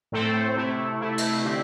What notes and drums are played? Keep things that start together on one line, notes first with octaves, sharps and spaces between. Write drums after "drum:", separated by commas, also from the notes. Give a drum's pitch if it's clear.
A2 A3 C4 A4 C5
C3 A3 E4
C3 A3 E4
drum: cymbal
D3 C4 E4 G4